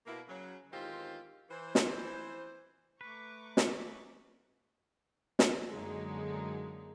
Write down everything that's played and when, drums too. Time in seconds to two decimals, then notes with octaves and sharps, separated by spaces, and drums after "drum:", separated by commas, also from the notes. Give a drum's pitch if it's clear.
0.06 B2 A#3 E4
0.28 C#3 F#3
0.72 E2 G#2 D#3 C4 F4 G4
1.50 E3 C5
1.75 drum: snare
3.01 A3 B4 A#5 C#6 D6
3.57 drum: snare
5.39 drum: snare
5.69 F#2 D3 F#3 G#3 A#3 D#4